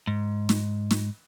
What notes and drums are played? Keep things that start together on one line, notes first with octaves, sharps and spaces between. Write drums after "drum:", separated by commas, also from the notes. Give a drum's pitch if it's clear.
G#2
drum: snare
drum: snare